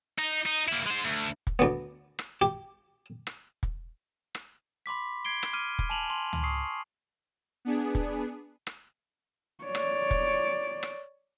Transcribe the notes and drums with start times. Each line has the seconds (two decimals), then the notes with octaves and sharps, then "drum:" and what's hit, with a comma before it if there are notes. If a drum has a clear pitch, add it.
0.18 D#4
0.46 D#4
0.68 A#3 E4
0.87 G#3 C5
1.05 D2
1.47 drum: kick
1.59 D2 B3
2.19 drum: rim click
2.41 G4
3.27 drum: rim click
3.63 drum: kick
4.35 drum: rim click
4.86 B5 C6 D6 B6
5.25 G#6 C7 D7 G7
5.43 drum: rim click
5.53 D6 F6 D#7
5.79 drum: kick
5.89 G#5 A5 D#7 F7 F#7
6.10 C6
6.33 drum: tom C#2
6.43 C#6 D#6 C7
7.65 B3 D4 G#4
7.95 drum: kick
8.67 drum: rim click
9.64 C#5 D5
9.75 drum: rim click
10.11 drum: kick
10.83 drum: rim click